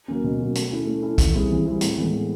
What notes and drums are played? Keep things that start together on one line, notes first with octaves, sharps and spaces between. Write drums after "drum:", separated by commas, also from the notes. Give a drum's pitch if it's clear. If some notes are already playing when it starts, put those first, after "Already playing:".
F#3 A#3 C#4
B2
F#3 A#3 C#4
A3, drum: hi-hat
C#4 E4 A4
A3
C#4 E4 A4
E3, drum: kick B1, hi-hat
G3 C4 E4 G#4
E3
G3 C4 E4 G#4
A2, drum: hi-hat
E3 G#3 B3
A2